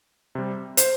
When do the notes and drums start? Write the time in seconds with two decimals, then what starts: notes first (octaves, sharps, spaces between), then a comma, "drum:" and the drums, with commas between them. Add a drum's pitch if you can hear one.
0.35 C3 G3
0.77 C5, drum: hi-hat